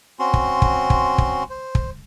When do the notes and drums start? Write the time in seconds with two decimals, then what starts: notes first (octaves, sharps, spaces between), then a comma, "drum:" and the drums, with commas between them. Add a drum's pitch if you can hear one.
0.19 C4 C#4 F#4 C6
0.34 drum: kick
0.62 drum: kick
0.90 drum: kick
1.18 drum: kick
1.50 C5
1.75 drum: kick